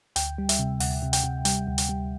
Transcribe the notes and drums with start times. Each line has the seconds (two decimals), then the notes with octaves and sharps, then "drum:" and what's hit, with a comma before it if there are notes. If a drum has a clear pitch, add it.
0.16 D2 G5, drum: hi-hat
0.38 G3
0.49 E5, drum: hi-hat
0.59 C3
0.80 D2 F#5, drum: open hi-hat
1.02 C3
1.13 G5, drum: hi-hat
1.24 C3
1.45 G3 G5, drum: hi-hat
1.68 D2
1.78 drum: hi-hat
1.89 G3